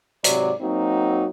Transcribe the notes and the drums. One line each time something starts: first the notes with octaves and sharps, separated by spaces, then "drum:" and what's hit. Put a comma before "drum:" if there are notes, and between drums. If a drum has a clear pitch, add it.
G#2 C3 F#3 C5 D5, drum: hi-hat
F#3 A#3 C4 D#4 F#4